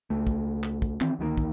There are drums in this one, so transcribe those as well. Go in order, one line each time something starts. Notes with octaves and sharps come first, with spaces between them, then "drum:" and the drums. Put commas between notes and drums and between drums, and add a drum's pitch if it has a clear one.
C#2 A3
drum: kick
drum: clap
drum: kick
D#3 E3 C4, drum: clap
D2 D#3 F#3 A#3
drum: kick